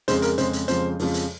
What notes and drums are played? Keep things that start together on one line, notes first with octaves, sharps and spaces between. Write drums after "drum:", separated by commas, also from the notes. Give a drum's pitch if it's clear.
F2 C#3 G#3 C5, drum: hi-hat
A#4, drum: hi-hat
F2 C#3 G#3 C5, drum: hi-hat
drum: hi-hat
F2 C#3 F3 G#3 C5, drum: hi-hat
F2 C#3 F3 G#3, drum: open hi-hat
drum: hi-hat